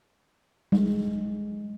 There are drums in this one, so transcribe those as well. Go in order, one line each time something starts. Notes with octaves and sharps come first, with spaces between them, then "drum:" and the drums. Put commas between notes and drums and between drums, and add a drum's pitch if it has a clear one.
G#3, drum: tom G3